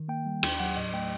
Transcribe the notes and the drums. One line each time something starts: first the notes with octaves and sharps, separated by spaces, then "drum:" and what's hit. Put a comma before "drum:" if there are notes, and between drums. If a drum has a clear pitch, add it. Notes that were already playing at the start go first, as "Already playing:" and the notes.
Already playing: D#3
A#3 G5
G3
D#2 G5, drum: cymbal
F#3 F#5
A2 D#5
A3 G5